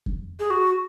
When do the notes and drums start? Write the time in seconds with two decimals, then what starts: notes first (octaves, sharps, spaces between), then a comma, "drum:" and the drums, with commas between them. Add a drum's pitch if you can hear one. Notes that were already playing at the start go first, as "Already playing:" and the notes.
0.06 drum: kick F2
0.40 G#4
0.50 F#4